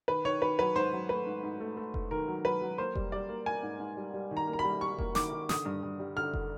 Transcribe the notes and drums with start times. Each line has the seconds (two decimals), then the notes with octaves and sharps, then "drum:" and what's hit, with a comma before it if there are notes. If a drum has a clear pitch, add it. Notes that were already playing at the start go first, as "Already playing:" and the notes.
0.08 D#3 B4
0.25 D#3 C#5
0.42 D#3 B4
0.59 F#3 B4
0.76 G#2 C5
0.93 F#3
1.09 A3 B4
1.26 G#2
1.43 G#2
1.60 A3
1.77 A3
1.94 A3, drum: kick F1
2.11 D#3 A#4
2.28 F#3
2.45 F#3 B4
2.62 F#3
2.78 A#3 C5
2.95 G3, drum: kick F1
3.12 G3 D5
3.29 A#3
3.46 A#3 G#5
3.63 G#2
3.80 G#2
3.97 G3
4.14 G3
4.31 D#3
4.37 A#5
4.47 A#3
4.53 A#5
4.59 B5
4.65 G3
4.81 G3 C#6
4.98 A#3, drum: kick F1
5.15 D#3 D6, drum: snare
5.32 D#3
5.49 D3 D#6, drum: snare
5.65 G2
5.83 G2
6.00 G3
6.16 D3 F6
6.34 D3, drum: kick F1